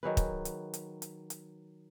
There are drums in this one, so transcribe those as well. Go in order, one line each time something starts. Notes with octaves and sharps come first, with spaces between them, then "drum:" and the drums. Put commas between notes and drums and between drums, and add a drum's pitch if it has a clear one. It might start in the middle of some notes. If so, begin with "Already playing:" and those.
D#3 F#3 G#4 B4
drum: kick, hi-hat
drum: hi-hat
drum: hi-hat
drum: hi-hat
drum: hi-hat